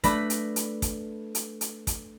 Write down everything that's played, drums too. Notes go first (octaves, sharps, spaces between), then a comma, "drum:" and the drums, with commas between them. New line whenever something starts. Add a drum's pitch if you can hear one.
A3 D4 B4 B5 A#6, drum: kick, hi-hat
drum: hi-hat
drum: hi-hat
drum: kick, hi-hat
drum: hi-hat
drum: hi-hat
drum: kick, hi-hat